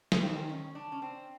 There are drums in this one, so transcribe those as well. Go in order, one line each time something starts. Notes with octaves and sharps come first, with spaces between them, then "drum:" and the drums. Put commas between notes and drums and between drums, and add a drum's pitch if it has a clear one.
E3 B3, drum: snare
D#3 C4
C#4
D4
C#4
C4